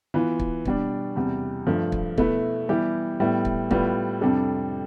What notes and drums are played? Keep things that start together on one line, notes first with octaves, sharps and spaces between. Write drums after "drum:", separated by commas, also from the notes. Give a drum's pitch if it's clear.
E3 B3 F4 B4
drum: kick
B2 G3 D4, drum: kick
E2 C3 G3
G2 F3 A3
drum: kick
B2 A3 E4 B4, drum: kick
E3 G3 B3 E4 G4
A2 G3 B3 E4
drum: kick
A2 G3 B3 F4 B4, drum: kick
F2 C3 G3 D4 A4